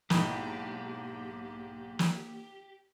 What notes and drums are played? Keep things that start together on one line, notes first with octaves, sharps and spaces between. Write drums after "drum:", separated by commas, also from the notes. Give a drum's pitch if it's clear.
B1 G#2 A#3 B3 D#4 E4 G4, drum: snare
drum: snare